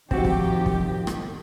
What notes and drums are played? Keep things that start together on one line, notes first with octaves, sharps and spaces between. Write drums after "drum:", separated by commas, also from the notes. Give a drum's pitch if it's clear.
D#3 F3 C4 F#4 G4, drum: kick
drum: kick
drum: kick
drum: rim click